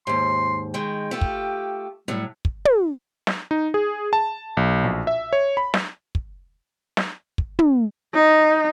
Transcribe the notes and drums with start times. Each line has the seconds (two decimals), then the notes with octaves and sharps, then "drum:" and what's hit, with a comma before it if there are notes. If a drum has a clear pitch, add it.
0.07 D#2 G#2 C6
0.74 D#3 G#3 G5
1.11 A3 F4 G4
1.21 drum: kick
2.08 A2 F#3 G3
2.45 drum: kick
2.65 drum: tom
3.27 drum: snare
3.51 D#4
3.74 G#4
4.13 A5
4.57 B1
4.84 A#1
5.07 E5
5.33 C#5
5.57 B5
5.74 drum: snare
6.15 drum: kick
6.97 drum: snare
7.38 drum: kick
7.59 drum: tom
8.14 D#4